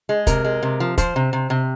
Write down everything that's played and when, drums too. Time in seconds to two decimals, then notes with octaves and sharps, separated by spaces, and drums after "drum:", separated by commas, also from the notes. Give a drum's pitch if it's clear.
0.09 G#3
0.27 C3 A#4, drum: kick, hi-hat
0.44 G#3
0.63 C3
0.80 F3
0.98 F3 C5, drum: kick, hi-hat
1.16 C3
1.33 C3
1.50 C3